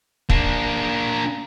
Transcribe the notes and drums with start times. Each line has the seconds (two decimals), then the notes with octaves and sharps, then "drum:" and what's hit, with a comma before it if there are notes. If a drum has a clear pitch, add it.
0.30 A#3 D4, drum: kick